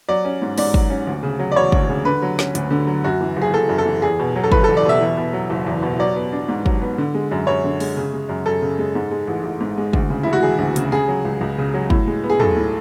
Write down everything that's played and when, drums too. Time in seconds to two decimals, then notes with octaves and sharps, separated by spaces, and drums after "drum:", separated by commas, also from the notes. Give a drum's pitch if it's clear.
0.09 F#3 D5
0.25 C#4
0.42 G#2
0.58 G#2 D5, drum: open hi-hat
0.74 F#3, drum: kick
0.90 C#4
1.07 D2
1.23 C#3
1.39 F#3
1.52 D5
1.56 E1 C#5
1.72 D2, drum: kick
1.89 C#3
2.05 D3 B4
2.22 F#3
2.39 C#4, drum: snare
2.55 D2, drum: hi-hat
2.71 D3
2.87 F#3
3.04 F#2 F#4
3.21 E3
3.37 F#1
3.42 G#4
3.53 F#1 A4
3.69 F#2
3.78 A4
3.86 E3
4.02 E2 G#4
4.19 B2
4.36 F#3
4.44 A4
4.52 F#1 B4, drum: kick
4.64 A4
4.69 E2
4.77 D5
4.85 B2 E5
5.01 E2
5.17 B2
5.33 F#3
5.50 F#1
5.67 E2
5.83 B2
5.99 F#3 D5
6.16 B3
6.33 D4
6.48 G#2
6.66 F#3, drum: kick
6.82 B3
6.98 D3
7.14 G#3
7.31 F#2
7.47 F#2 C#5
7.64 D3
7.80 G#3, drum: open hi-hat
7.97 C#3
8.14 G#3
8.29 F#2
8.46 F#2 A4
8.62 C#3
8.79 G#3
8.95 G#2
9.11 G#3
9.27 A1
9.44 A1
9.60 G#2
9.78 G#3
9.93 D2, drum: kick
10.10 C#3
10.23 E1 E4
10.33 F#4
10.43 E1 G#4
10.59 D2
10.76 C#3, drum: hi-hat
10.92 C#3 G#4
11.08 F#3
11.25 C#2
11.41 C#2
11.58 C#3
11.74 F#3
11.90 A2, drum: kick
12.08 G#3
12.23 B3
12.30 G#4
12.40 B1 A4, drum: tom
12.56 A2